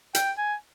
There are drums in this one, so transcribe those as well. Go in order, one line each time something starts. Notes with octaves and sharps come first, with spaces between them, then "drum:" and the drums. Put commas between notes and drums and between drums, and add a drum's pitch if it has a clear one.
G5, drum: hi-hat
G#5